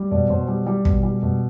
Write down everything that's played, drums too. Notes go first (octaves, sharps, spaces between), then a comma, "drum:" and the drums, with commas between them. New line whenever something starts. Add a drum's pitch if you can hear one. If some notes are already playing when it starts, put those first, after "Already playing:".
Already playing: G3
B2 D5
B2 C5
G3
G3
B2, drum: kick
G3
B2